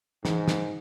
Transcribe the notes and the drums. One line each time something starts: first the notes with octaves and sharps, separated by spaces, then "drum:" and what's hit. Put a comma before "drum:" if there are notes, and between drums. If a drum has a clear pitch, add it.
G#2 E3, drum: snare
drum: snare